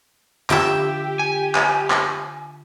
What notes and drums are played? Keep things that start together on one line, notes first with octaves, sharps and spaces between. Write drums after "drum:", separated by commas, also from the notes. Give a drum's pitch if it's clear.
D3 F4 G4 E5 G5, drum: clap
G#5
drum: clap
drum: clap